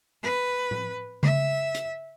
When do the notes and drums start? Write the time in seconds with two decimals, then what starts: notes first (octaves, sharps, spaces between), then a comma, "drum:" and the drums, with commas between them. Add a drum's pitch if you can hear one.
0.23 B4
0.71 drum: tom A2
1.23 E5, drum: tom C#3
1.75 drum: hi-hat